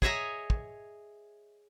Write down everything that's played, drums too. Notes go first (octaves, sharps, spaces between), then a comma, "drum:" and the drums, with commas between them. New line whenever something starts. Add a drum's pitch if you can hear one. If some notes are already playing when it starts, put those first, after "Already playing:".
G#4 C#5 D#5 E5 G#5 A#5, drum: kick
drum: kick